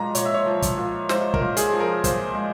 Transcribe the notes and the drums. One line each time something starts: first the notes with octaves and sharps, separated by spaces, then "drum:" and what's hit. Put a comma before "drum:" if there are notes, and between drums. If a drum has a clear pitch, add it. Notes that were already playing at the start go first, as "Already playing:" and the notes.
Already playing: A#2 F3 G#3 A#5
A#2 C#5, drum: hi-hat
E5
C#5
F3
drum: kick, hi-hat
A#2
G#3 C5, drum: snare
A#4, drum: kick
A#2
G#4, drum: hi-hat
F3
A#4
A#2 C5, drum: kick, hi-hat
G#3